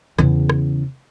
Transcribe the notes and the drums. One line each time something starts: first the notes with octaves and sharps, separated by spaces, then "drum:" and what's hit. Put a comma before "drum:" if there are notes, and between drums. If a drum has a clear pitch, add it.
E2 C#3, drum: rim click
drum: rim click